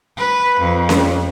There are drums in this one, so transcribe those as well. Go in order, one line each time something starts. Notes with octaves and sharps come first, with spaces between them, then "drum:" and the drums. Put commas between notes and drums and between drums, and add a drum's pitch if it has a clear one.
B4
F2
drum: snare C#4